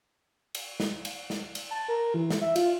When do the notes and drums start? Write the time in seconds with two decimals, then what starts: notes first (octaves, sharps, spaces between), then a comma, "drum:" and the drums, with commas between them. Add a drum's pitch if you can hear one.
0.55 drum: cymbal
0.80 drum: snare
1.05 drum: cymbal
1.30 drum: snare
1.55 drum: cymbal
1.71 A5
1.88 A#4
2.14 E3
2.30 drum: snare
2.41 E5
2.56 F4, drum: cymbal